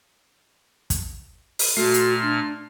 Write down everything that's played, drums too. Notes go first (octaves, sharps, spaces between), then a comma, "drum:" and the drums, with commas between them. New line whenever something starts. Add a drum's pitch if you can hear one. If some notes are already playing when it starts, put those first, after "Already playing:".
drum: kick, hi-hat
drum: open hi-hat
A#2 A3 F#4 F6 C7
drum: hi-hat
D4